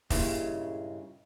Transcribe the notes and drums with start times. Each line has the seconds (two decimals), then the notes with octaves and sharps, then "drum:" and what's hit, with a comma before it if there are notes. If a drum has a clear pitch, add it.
0.10 G2 A#2 C#3 G#3 E4, drum: kick F1, open hi-hat